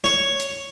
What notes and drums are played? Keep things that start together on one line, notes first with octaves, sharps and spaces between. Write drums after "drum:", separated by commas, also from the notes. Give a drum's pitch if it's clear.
C#5, drum: snare
drum: hi-hat